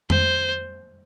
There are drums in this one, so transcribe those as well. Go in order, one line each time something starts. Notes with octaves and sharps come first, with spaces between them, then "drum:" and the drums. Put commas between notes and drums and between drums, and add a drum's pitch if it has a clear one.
C5, drum: tom F2